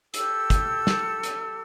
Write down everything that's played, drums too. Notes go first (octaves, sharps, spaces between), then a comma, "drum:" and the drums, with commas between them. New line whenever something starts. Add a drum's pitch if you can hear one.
G4 A4 E6, drum: hi-hat
drum: kick, hi-hat
drum: snare
drum: hi-hat